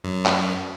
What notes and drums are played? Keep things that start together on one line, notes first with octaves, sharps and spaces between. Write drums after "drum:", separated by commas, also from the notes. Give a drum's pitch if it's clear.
F#2
drum: clap